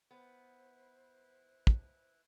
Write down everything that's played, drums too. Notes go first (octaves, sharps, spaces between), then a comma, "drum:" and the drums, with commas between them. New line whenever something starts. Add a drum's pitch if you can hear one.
B3 E4 B4 C5
drum: kick